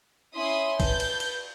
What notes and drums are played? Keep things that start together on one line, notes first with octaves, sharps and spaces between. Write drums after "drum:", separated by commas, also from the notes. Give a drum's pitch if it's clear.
C#4 E4 E5 B5 C6 D#6
B4 A5 G6, drum: kick A#1, cymbal
drum: cymbal
drum: cymbal